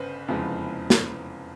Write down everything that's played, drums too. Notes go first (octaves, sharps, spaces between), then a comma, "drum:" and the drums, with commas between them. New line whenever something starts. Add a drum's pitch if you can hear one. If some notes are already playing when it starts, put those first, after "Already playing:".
Already playing: G1 C#3 B4 C5
F1 E2 C#3 F3 G#3
drum: snare